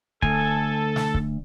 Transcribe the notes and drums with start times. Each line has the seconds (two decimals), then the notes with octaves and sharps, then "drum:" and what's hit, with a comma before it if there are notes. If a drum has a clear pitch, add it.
0.22 D2 A4 G#5, drum: kick C#1
0.96 drum: snare
1.14 drum: kick C#1